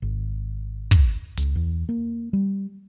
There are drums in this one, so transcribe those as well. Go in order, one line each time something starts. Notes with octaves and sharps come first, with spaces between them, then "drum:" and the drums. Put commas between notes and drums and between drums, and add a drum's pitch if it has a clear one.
G#1
drum: kick, open hi-hat
C#2, drum: hi-hat
E2
A#3
G3